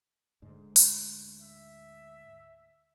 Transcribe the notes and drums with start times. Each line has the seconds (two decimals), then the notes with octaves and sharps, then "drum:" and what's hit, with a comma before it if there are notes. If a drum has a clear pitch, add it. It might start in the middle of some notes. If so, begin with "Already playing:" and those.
0.42 D2 G#2 G#3
0.76 drum: open hi-hat
1.41 E5